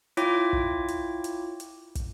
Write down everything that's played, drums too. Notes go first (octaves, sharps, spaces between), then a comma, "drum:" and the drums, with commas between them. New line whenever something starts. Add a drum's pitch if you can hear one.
E4 F4 C#5 G5 D6, drum: hi-hat
drum: kick
drum: hi-hat
drum: hi-hat
drum: hi-hat
drum: kick, hi-hat